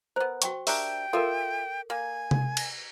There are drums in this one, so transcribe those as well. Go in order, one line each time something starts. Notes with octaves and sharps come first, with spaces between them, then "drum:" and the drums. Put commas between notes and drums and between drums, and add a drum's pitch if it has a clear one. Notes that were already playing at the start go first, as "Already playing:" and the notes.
B3 A#4 C5
F#4 G5 C#6, drum: hi-hat
D4 G4 A#4 E5 G5, drum: open hi-hat
F4 A4 A#4 E5
A#3 G#5
drum: tom C3
drum: cymbal